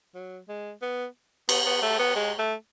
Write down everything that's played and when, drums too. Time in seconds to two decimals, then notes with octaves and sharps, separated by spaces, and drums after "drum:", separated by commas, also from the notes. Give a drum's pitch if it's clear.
0.14 F#3
0.49 G#3
0.82 B3
1.49 B3, drum: cymbal
1.66 B3
1.82 A3
1.99 B3
2.15 G#3
2.38 A3